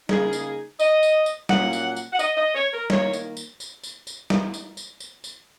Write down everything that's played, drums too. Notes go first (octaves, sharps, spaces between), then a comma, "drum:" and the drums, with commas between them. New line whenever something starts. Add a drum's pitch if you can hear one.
C#3 A#3 D#4 G#4, drum: snare
drum: tambourine
D#5, drum: tambourine
drum: tambourine
drum: tambourine
A#2 F#3 A#3 C#4 F#5, drum: snare
drum: tambourine
drum: tambourine
F#5
D#5, drum: tambourine
D#5
C#5
A#4
D#3 A#3 C#5, drum: snare
drum: tambourine
drum: tambourine
drum: tambourine
drum: tambourine
drum: tambourine
drum: snare
drum: tambourine
drum: tambourine
drum: tambourine
drum: tambourine